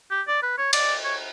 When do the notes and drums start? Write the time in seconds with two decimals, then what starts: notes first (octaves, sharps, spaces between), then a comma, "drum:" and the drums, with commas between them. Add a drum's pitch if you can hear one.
0.11 G4
0.27 D5
0.42 B4
0.58 C#5
0.73 D5, drum: cymbal
1.04 C#5